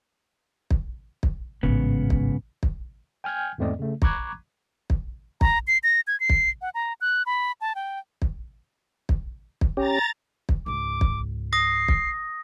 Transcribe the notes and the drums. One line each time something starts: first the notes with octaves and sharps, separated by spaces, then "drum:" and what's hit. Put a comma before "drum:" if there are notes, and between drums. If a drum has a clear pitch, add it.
drum: kick
drum: kick
A1 G#2 C#3 F#3 B3
drum: kick
drum: kick
G5 G#5 F6 G6 G#6
E2 G#2 A3 C4 D5 D#5
C#3 A3
A#5 B5 C#6 D6 F#6 G#6, drum: kick
drum: kick
A#5, drum: kick
C7
A#6
G#6
C7
drum: kick
F#5
A#5
F#6
B5
A5
G5
drum: kick
drum: kick
drum: kick
C#4 G4 A#5 A6
drum: kick
C#2 G#2 D6
drum: kick
D#6 A#6 C7
drum: kick